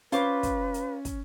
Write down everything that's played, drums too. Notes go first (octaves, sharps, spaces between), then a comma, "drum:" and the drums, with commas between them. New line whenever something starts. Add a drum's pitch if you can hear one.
C#4 F4 B4 C5 D6, drum: hi-hat
drum: kick, hi-hat
drum: hi-hat
drum: kick, hi-hat